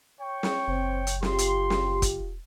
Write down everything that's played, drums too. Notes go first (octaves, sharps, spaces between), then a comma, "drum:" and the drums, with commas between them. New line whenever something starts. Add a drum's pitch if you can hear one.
C#5 G5 C#6
drum: snare
F#1 C4
drum: hi-hat
F4 G4 C6, drum: snare
drum: hi-hat
drum: snare
drum: kick, hi-hat